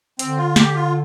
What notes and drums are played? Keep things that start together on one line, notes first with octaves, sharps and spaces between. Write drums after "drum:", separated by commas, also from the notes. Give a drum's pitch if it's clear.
D3 C4, drum: hi-hat
F4
G4, drum: snare
F4